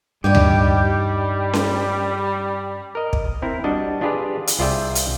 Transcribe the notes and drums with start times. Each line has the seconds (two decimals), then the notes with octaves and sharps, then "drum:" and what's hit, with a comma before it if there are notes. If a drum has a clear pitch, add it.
0.24 G2 G3 D#4 G4 C#5 D5
0.35 drum: tom D2
1.53 drum: snare C#4
2.95 A#4 D#5
3.13 drum: kick
3.42 C4 E4 A#4
3.64 G3 D4 F#4 D#5
4.01 D4 F4 G4 G#4 B4
4.47 drum: hi-hat
4.59 C2 F4 G#4 D5 E5 G5
4.95 drum: hi-hat